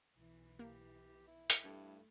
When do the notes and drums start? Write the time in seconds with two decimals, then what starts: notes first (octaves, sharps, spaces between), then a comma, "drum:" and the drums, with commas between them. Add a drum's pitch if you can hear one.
0.16 B1 E3
0.59 A#3 G4
1.27 E4
1.50 drum: hi-hat
1.64 G2 A3